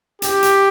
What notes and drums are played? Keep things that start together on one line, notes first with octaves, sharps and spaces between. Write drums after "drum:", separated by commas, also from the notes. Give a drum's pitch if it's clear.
G4, drum: hi-hat
drum: hi-hat